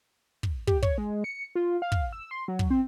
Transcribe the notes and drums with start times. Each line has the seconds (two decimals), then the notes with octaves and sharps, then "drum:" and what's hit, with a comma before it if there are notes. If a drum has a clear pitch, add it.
0.43 drum: kick
0.67 G4, drum: kick
0.83 C#5, drum: kick
0.98 G#3
1.24 C#7
1.55 F4
1.82 F5
1.92 drum: kick
2.13 E6
2.31 C6
2.48 F#3
2.59 drum: kick
2.70 C4